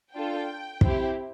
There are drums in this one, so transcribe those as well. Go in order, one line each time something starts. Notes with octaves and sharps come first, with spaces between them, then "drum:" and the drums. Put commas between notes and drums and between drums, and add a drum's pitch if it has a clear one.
D4 F4 A4 G5
C4 E4 G4, drum: kick